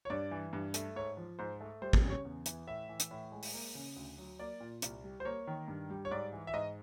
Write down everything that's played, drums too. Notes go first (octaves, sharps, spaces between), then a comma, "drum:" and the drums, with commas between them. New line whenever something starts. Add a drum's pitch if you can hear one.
C#5
G2 D5
E3
G2
A3, drum: hi-hat
G#2 C#5
F3
G#2 C5
A3
G3 C5
drum: kick
C#3
C#5
E2
E3, drum: hi-hat
A2 E5
E3
drum: hi-hat
A2
G#3
drum: open hi-hat
A#3
C#3
D2
F#3
A#3 D5
A#2
C2, drum: hi-hat
G3
C5
A#3 C#5
D#3
G2
G3
C#5
G#2 D5
E3
E5
G#2 D#5